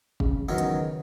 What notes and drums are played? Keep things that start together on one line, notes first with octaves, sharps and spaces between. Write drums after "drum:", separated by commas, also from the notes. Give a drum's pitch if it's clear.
C#3, drum: kick
E2 D#3 F#3
drum: hi-hat